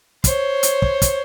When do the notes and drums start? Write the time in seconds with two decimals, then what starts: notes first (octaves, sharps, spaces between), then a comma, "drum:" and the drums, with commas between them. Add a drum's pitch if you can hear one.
0.24 C5 C#5, drum: kick, hi-hat
0.63 drum: hi-hat
0.82 drum: kick
1.02 drum: kick, hi-hat